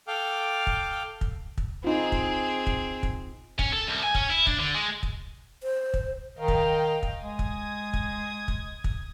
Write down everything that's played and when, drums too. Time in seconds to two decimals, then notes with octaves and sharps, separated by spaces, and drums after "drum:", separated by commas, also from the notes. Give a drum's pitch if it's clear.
0.08 A4 F5 G5 D6 F6
0.67 drum: kick
1.21 drum: kick
1.58 drum: kick
1.84 C4 D#4 F4 G#4
2.12 drum: kick
2.67 drum: kick
3.03 drum: kick
3.59 C#4, drum: kick
3.73 A4
3.87 C2
4.03 G#5
4.15 C#4, drum: kick
4.30 E4
4.47 D4, drum: kick
4.60 D3
4.75 G#3
5.03 drum: kick
5.63 C5
5.94 drum: kick
6.39 D#3 D#5 F5 G5
6.48 drum: kick
7.03 drum: kick
7.22 G#3 D#6 G#6
7.39 drum: kick
7.93 drum: kick
8.48 drum: kick
8.84 drum: kick